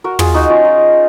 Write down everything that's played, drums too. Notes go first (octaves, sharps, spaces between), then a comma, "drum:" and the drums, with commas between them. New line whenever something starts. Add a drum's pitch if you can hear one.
F#4 A#4
F4 G#4, drum: tom
D#4 F#4
C#4 F4
D#4